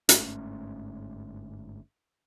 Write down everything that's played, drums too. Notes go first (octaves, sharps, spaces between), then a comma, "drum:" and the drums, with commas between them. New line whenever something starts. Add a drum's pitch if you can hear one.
G1 G#2 A3 C#4, drum: hi-hat